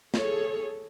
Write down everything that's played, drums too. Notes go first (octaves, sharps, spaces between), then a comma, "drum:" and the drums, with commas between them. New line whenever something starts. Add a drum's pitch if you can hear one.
G#4 A4 C#5, drum: snare